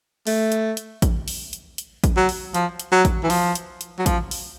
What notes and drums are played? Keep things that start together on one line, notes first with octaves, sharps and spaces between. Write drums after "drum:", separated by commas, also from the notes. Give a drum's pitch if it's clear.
A3, drum: open hi-hat
drum: hi-hat
drum: hi-hat
drum: kick A1, hi-hat
drum: open hi-hat
drum: hi-hat
drum: hi-hat
drum: kick A1, hi-hat
F#3
drum: open hi-hat
F3, drum: hi-hat
drum: hi-hat
F#3
drum: kick A1, hi-hat
E3
F3, drum: open hi-hat
drum: hi-hat
drum: hi-hat
F#3
F3, drum: kick A1, hi-hat
drum: open hi-hat